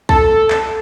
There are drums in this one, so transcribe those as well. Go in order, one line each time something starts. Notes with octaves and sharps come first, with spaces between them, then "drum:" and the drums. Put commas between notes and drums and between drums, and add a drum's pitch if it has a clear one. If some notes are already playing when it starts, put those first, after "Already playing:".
A4, drum: kick B1
drum: clap